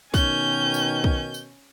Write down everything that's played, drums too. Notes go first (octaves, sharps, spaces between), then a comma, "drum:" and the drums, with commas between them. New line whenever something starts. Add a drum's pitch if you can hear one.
B2 D#3 C#4 G#5 G6, drum: kick, tambourine
drum: tambourine
drum: kick
drum: tambourine